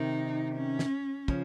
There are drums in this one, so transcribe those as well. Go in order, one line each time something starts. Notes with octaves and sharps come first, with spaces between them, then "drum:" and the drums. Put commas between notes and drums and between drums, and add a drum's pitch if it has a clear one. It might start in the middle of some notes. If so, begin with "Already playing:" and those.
Already playing: C3 D#3 D#4
C#4
drum: snare
C#3 F3, drum: kick